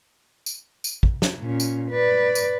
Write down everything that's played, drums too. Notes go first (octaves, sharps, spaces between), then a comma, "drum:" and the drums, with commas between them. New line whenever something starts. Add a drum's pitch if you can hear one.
drum: tambourine
drum: tambourine
drum: kick
drum: snare
A#2 C#4
drum: tambourine
B4 D5
drum: tambourine